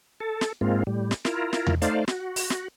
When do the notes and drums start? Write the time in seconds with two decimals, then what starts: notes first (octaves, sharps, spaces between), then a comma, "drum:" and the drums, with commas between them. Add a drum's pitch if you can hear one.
0.20 A4
0.41 drum: snare
0.61 G#2 G#3 A#3 C4 F4
0.87 A2 G3
1.11 drum: snare
1.25 E4 F4 A#4, drum: snare
1.53 drum: snare
1.67 drum: tom E2
1.82 A3 D#4 C5 D5 F5, drum: hi-hat
2.08 F#4, drum: snare
2.36 drum: open hi-hat
2.50 drum: snare